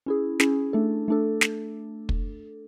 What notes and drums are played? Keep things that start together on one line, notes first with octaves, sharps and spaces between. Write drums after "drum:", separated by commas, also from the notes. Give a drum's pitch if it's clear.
C#4 E4 G#4
C#4 E4 G#4, drum: snare
A3 D4 A4
A3 D4 A4
drum: snare
drum: kick